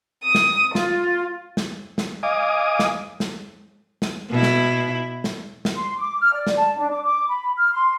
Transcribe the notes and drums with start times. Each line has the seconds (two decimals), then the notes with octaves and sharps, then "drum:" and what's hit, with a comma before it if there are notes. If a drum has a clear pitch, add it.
0.24 D#6
0.35 drum: snare
0.75 F4, drum: snare
1.57 drum: snare
1.98 drum: snare
2.23 D#5 F5 G#5 D6 D#6
2.79 drum: snare
3.20 drum: snare
4.02 drum: snare
4.30 B2 E4
4.43 drum: snare
5.24 drum: snare
5.65 drum: snare
5.75 C6
5.97 D6
6.20 F6
6.33 D5
6.47 drum: snare
6.56 A5
6.78 D4
6.91 D6
7.04 D6
7.28 B5
7.57 F6
7.73 C6